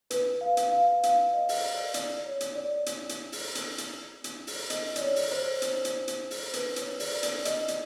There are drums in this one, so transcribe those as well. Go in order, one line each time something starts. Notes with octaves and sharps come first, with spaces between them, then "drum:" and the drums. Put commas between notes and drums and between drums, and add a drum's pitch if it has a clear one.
B4, drum: hi-hat
F5
drum: hi-hat
F5
F5, drum: hi-hat
D#5
drum: open hi-hat
D5
D5, drum: hi-hat
C#5
drum: hi-hat
D5
drum: hi-hat
drum: hi-hat
drum: open hi-hat
drum: hi-hat
drum: hi-hat
drum: hi-hat
drum: open hi-hat
D#5, drum: hi-hat
D5, drum: hi-hat
C#5
drum: open hi-hat
C5
drum: hi-hat
drum: hi-hat
drum: hi-hat
drum: open hi-hat
B4, drum: hi-hat
C#5, drum: hi-hat
D5, drum: open hi-hat
D5, drum: hi-hat
D#5, drum: hi-hat
drum: hi-hat